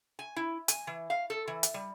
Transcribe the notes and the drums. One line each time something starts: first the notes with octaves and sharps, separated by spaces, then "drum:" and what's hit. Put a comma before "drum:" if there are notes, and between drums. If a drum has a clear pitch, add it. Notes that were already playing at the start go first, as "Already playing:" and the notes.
G#5
E4
G#5, drum: hi-hat
E3
F5
A4
E3
drum: hi-hat
G3